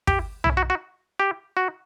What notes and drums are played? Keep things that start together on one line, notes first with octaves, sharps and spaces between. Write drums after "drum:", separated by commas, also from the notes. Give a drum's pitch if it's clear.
G4, drum: kick
E4, drum: tom B1
F#4
F#4
G4
F#4